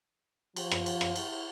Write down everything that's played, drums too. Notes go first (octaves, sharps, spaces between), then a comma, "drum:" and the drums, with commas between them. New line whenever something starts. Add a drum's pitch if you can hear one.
F3, drum: cymbal
drum: rim click
drum: cymbal
drum: rim click
E4, drum: cymbal